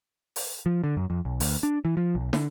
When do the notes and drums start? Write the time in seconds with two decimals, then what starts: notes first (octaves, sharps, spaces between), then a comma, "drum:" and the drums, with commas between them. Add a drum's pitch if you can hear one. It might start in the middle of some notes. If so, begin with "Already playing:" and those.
0.36 drum: open hi-hat
0.66 F3
0.84 D3
0.97 F#2
1.10 F2
1.25 B1
1.40 D2, drum: open hi-hat
1.63 D4
1.85 E3
1.97 F3
2.15 B1
2.33 D3, drum: snare